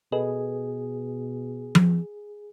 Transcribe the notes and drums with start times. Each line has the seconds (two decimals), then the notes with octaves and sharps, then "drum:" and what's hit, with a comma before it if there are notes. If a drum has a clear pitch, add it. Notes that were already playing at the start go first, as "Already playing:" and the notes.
0.12 B2 G#4 A4 B4 D#5
1.75 drum: tom F3